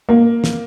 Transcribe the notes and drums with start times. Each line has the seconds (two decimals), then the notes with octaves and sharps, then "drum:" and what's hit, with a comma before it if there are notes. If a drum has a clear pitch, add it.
0.09 A#3
0.44 drum: snare